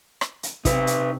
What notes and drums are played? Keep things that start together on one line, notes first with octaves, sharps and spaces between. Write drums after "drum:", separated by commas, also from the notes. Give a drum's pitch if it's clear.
drum: rim click
drum: hi-hat
C3 D#4 B4, drum: kick, hi-hat
drum: hi-hat